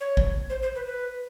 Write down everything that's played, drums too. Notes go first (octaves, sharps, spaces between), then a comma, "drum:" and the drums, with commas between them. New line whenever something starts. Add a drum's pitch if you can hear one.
C#5
drum: kick
C5
C5
B4
B4